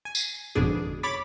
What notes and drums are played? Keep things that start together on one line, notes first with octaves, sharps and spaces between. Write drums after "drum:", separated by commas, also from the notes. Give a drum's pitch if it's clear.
G#5
drum: tambourine
G#1 F2 B2 D3 D4 G#4
C#5 B5 D6 A6 B6